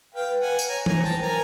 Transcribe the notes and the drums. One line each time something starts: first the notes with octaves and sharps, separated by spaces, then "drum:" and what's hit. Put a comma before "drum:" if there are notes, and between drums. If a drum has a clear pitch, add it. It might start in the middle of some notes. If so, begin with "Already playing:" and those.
B4 F5 G5
F#5 G#5
drum: tambourine
C#5 G#5 A#5
G#5 A#5, drum: tom E3
C5
G5 A5
B4
A#4 G#5 A#5